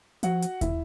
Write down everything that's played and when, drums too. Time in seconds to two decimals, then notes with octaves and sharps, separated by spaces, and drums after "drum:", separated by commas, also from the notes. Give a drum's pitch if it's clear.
0.23 F3 F#4 F#5, drum: hi-hat
0.42 drum: hi-hat
0.61 E4 E5, drum: kick, hi-hat